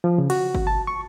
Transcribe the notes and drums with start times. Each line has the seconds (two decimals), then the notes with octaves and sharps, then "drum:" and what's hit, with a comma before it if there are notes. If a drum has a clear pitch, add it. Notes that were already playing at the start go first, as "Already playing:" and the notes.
0.04 F3
0.18 C#3
0.30 F#4, drum: cymbal
0.55 drum: kick G1
0.67 A5
0.87 C#6